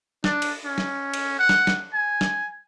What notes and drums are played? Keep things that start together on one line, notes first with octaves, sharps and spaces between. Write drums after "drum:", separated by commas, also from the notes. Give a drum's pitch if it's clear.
D4, drum: snare
drum: cymbal
C#4
drum: snare
drum: cymbal
F#5
drum: snare
drum: snare
G#5
drum: snare